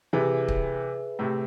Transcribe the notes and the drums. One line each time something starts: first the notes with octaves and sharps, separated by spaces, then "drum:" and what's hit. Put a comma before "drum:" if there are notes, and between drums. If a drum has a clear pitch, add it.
C3 E3 G#4 B4 E5
drum: kick
A2 C3